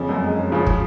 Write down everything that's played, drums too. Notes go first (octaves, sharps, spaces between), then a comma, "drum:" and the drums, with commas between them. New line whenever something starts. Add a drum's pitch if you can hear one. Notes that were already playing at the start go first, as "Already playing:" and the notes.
Already playing: F2 C#3 F3
F#2
G#3
C#4
C#3 F3
drum: kick